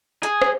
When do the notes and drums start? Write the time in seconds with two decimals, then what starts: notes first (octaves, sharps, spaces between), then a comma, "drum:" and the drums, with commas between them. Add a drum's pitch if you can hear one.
0.23 G#4, drum: hi-hat
0.42 drum: rim click